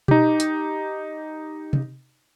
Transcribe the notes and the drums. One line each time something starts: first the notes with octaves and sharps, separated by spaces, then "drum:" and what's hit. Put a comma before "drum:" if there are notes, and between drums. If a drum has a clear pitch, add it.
D#4 G4, drum: tom B2
drum: hi-hat
drum: tom C3